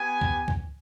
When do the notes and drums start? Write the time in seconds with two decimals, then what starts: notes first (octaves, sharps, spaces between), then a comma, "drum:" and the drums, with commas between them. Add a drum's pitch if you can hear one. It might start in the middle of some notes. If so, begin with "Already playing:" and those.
Already playing: B3 G4 G#5
0.21 drum: kick
0.48 drum: kick